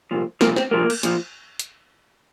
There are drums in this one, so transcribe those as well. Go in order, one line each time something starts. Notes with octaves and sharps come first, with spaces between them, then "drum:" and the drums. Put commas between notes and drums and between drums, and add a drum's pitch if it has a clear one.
C2 A#2 F3
C2 A#2 F3 A#3, drum: snare
C4, drum: snare
C2 A#2 F3 A#3
drum: cymbal
A#2 F3, drum: hi-hat
drum: hi-hat